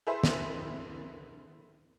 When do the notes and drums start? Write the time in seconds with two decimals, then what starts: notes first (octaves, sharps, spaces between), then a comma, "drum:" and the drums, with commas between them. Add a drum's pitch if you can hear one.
0.07 E4 G#4 A4 B4 C5 E5
0.24 drum: snare